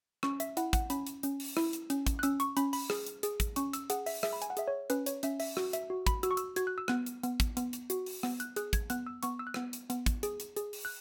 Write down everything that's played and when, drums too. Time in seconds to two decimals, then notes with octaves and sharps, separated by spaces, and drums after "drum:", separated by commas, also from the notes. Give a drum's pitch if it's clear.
0.23 C#4 C#6, drum: rim click
0.40 E5, drum: hi-hat
0.57 E4 F#5, drum: hi-hat
0.73 F#5, drum: kick, hi-hat
0.90 C#4 B5, drum: hi-hat
1.07 drum: hi-hat
1.23 C#4, drum: hi-hat
1.40 drum: open hi-hat
1.57 E4, drum: rim click
1.73 drum: hi-hat
1.90 C#4, drum: hi-hat
2.07 drum: kick, hi-hat
2.19 F#6
2.23 C#4 E6, drum: hi-hat
2.40 C#6, drum: hi-hat
2.57 C#4 B5, drum: hi-hat
2.73 B5, drum: open hi-hat
2.90 G#4, drum: rim click
3.07 drum: hi-hat
3.23 G#4, drum: hi-hat
3.40 drum: kick, hi-hat
3.56 C#4 C#6, drum: hi-hat
3.73 E6, drum: hi-hat
3.90 G#4 F#5, drum: hi-hat
4.06 E5, drum: open hi-hat
4.23 G#4 E5, drum: rim click
4.33 B5
4.42 G#5, drum: hi-hat
4.50 F#5
4.57 G#4 E5, drum: hi-hat
4.68 C#5
4.90 C#4 B4, drum: hi-hat
5.06 C#5, drum: hi-hat
5.23 C#4 E5, drum: hi-hat
5.40 E5, drum: open hi-hat
5.57 F#4, drum: rim click
5.73 E5, drum: hi-hat
5.90 F#4
6.07 B5, drum: kick, hi-hat
6.23 F#4 E6, drum: hi-hat
6.31 C#6
6.37 E6, drum: hi-hat
6.56 F#4 G#6, drum: hi-hat
6.67 F#6
6.78 E6
6.88 B3 F#6, drum: rim click
7.06 drum: hi-hat
7.23 B3, drum: hi-hat
7.40 drum: kick, hi-hat
7.57 B3, drum: hi-hat
7.73 drum: hi-hat
7.90 F#4, drum: hi-hat
8.06 drum: open hi-hat
8.23 B3, drum: rim click
8.40 F#6, drum: hi-hat
8.56 G#4 F#6, drum: hi-hat
8.73 G#6, drum: kick, hi-hat
8.90 B3 F#6, drum: hi-hat
9.07 E6
9.23 B3 C#6, drum: hi-hat
9.39 E6
9.47 F#6
9.54 B3 E6, drum: rim click
9.73 drum: hi-hat
9.90 B3, drum: hi-hat
10.06 drum: kick, hi-hat
10.23 G#4, drum: hi-hat
10.40 drum: hi-hat
10.56 G#4, drum: hi-hat
10.73 drum: open hi-hat
10.85 F#6